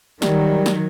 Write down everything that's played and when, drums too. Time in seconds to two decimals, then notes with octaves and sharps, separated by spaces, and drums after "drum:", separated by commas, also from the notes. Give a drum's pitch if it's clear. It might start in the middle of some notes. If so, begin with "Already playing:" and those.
0.22 D#3 F#3 G3, drum: snare
0.66 drum: snare